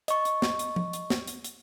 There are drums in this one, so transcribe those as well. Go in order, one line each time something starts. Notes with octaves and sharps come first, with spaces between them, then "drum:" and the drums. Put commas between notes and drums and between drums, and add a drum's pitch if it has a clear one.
D#5 C#6, drum: hi-hat
drum: hi-hat
drum: snare
drum: hi-hat
drum: tom F3
drum: hi-hat
drum: snare
drum: hi-hat
drum: hi-hat